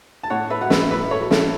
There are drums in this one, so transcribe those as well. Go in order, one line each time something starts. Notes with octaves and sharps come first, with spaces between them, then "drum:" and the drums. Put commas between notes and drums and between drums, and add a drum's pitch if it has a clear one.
A5
A2 C#5 F#5
B4 E5
F#3 F#5
B4 E5, drum: snare
A2 B4 E5
A4 C#5
F#3
E4 A4, drum: snare